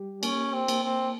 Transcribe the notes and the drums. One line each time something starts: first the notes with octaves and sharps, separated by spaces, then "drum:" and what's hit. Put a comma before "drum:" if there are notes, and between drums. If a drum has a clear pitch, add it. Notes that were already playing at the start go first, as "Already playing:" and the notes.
Already playing: G3 G4
A#3 C#4, drum: cymbal
C4
A#3, drum: cymbal
C4